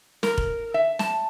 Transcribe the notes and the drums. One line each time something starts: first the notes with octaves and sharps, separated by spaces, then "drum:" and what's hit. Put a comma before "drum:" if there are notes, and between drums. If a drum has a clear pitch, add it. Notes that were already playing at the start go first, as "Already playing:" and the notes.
A#4, drum: snare
drum: kick F1
E5
A5, drum: snare